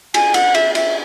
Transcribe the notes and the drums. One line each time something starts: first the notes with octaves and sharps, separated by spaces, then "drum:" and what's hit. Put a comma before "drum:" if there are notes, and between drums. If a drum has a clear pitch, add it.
G#5, drum: cymbal
F#5, drum: cymbal
E5, drum: cymbal
E5, drum: cymbal